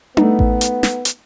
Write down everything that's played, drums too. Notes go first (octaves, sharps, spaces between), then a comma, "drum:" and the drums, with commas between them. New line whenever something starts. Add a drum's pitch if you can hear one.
A3 B3 D#4, drum: tom D4
drum: kick A1
drum: hi-hat
drum: snare
drum: hi-hat